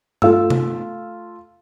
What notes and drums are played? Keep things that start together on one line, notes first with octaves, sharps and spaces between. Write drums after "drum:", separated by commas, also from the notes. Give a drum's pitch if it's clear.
A3 F4 E6, drum: tom G2
drum: tom C3